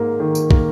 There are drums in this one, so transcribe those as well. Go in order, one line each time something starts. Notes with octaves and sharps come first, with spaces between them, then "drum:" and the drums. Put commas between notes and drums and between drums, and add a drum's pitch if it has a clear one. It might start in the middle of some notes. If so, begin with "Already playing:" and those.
Already playing: G#2 A#3
D#3
drum: tambourine
A#3, drum: kick